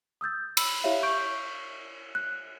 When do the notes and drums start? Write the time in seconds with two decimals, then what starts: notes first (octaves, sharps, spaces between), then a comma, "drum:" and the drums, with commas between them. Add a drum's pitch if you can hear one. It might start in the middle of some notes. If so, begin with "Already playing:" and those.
0.21 D#6 E6 G6 A6
0.57 B5 E6, drum: cymbal
0.84 E4 G4 C#5 E5 F5
1.03 C#6 G6 D7
2.15 F#6